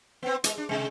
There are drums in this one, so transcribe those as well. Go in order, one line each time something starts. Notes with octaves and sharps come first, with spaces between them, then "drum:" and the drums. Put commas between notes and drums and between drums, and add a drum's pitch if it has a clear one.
B3 C4
G#3, drum: hi-hat
D4
C3 G#3